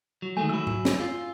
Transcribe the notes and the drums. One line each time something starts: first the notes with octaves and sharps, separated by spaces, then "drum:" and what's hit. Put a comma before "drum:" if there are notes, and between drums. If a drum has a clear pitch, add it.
F#3
D#3 G#3 A3 G#5
F#3 E4 E6
drum: tom G#2
drum: snare
F4